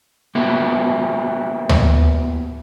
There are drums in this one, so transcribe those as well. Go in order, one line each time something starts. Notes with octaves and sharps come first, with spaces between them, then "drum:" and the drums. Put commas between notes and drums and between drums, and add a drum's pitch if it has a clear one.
A#3 B3 E4 F#4 G4
drum: tom D2